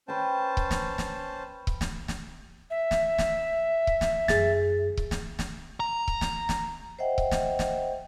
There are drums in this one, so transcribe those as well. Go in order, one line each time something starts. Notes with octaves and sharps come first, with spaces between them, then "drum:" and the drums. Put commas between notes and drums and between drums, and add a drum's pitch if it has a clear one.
C#4 B4 C5 G5 A5
drum: kick C#1
drum: snare
drum: snare
drum: kick C#1
drum: snare
drum: snare
E5
drum: snare
drum: snare
drum: kick C#1
drum: snare
F#2 G#4 A6, drum: snare
drum: kick C#1
drum: snare
drum: snare
A#5
drum: kick C#1
drum: snare
drum: snare
C5 D#5 E5 F#5 G5
drum: kick C#1
drum: snare
drum: snare